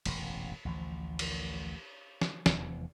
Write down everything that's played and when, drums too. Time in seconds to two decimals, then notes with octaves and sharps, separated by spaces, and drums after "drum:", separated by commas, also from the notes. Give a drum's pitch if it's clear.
0.06 E1 A1 F#2 C3, drum: cymbal
0.65 A1 D2 E3 F3
1.19 drum: cymbal
2.21 drum: snare
2.46 F1 E2 E3, drum: snare